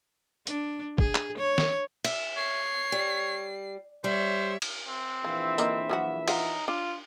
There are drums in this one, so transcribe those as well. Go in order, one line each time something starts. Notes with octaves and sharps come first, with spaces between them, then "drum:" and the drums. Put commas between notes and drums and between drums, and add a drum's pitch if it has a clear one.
D4, drum: hi-hat
G#4, drum: kick
drum: clap
C#5
drum: snare
E5, drum: cymbal
C#5 C7
G3
G3 C5 C#5 E5
drum: cymbal
C4
A#1 E3 F4 E5
D3 A#3 D#4, drum: tambourine
F3 F#3 F#4
D#4 F4 F5 F#5, drum: cymbal
D4 F4